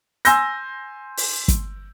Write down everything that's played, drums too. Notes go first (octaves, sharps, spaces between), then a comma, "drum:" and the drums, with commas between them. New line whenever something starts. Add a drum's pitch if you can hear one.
G#5 C6 E6 G6 A#6, drum: hi-hat
drum: open hi-hat
drum: kick, hi-hat